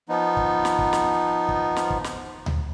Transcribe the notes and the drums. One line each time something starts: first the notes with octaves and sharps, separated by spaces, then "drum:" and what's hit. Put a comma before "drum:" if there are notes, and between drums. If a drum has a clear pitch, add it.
F3 B3 D#4
drum: kick
drum: snare
drum: kick
drum: snare
drum: kick
drum: snare
drum: kick
drum: snare
drum: tom D2